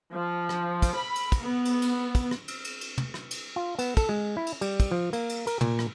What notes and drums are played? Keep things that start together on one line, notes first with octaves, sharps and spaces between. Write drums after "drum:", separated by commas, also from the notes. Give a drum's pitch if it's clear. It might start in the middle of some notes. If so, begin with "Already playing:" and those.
F3
drum: rim click
drum: kick, cymbal
B5
drum: cymbal
drum: kick, cymbal
B3
drum: cymbal
drum: cymbal
drum: kick, cymbal
drum: rim click
drum: cymbal
drum: cymbal
drum: cymbal
drum: tom
drum: rim click
drum: cymbal
F4
B3, drum: cymbal
A4, drum: kick, cymbal
G#3
E4
drum: cymbal
G3, drum: cymbal
drum: kick, cymbal
F3
A#3, drum: cymbal
drum: cymbal
A#4, drum: cymbal
A#2, drum: tom
drum: rim click